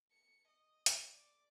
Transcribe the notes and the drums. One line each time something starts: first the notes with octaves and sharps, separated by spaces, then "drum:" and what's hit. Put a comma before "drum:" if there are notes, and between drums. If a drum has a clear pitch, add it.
C#7
D#5
drum: hi-hat
D5 D6